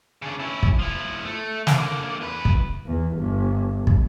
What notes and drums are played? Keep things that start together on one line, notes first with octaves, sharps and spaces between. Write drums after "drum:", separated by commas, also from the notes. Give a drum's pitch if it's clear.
C#3 D4
C#4 E4
drum: kick
F3 E4
A3
D3 A#3, drum: snare
E2 B4
drum: kick
E2
G1
drum: kick